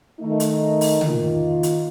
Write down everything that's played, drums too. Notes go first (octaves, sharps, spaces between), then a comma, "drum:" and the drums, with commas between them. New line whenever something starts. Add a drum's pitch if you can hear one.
D#3 A3 D#4
drum: hi-hat
drum: open hi-hat
D#3 A#3 F4, drum: tom
drum: hi-hat